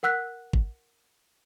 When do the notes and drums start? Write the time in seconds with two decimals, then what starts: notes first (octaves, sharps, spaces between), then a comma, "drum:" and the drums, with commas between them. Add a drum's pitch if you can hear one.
0.03 A#4 F#5 E6 F#6 B6
0.53 drum: kick